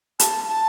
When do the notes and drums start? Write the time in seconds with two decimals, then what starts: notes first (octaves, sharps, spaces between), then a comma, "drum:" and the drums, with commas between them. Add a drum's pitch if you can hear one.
0.19 A5, drum: hi-hat
0.49 A5